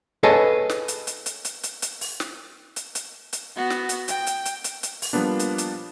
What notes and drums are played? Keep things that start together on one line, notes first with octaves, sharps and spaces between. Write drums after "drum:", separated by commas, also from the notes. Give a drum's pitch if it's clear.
G#4 A4 B4 C#5 D#5 A5
drum: snare
drum: hi-hat
drum: hi-hat
drum: hi-hat
drum: hi-hat
drum: hi-hat
drum: hi-hat
drum: open hi-hat
drum: snare
drum: hi-hat
drum: hi-hat
drum: hi-hat
B3 F#4
drum: snare
drum: hi-hat
G5, drum: hi-hat
drum: hi-hat
drum: hi-hat
drum: hi-hat
drum: hi-hat
drum: open hi-hat
F3 G3 A#3 B3 D4
drum: hi-hat
drum: hi-hat